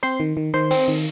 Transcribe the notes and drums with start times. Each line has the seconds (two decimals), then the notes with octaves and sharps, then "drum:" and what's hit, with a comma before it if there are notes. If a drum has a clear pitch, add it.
0.03 C4 C5 C6
0.20 D#3
0.37 D#3
0.54 D#3 C5 C6
0.71 C4, drum: open hi-hat
0.88 D#3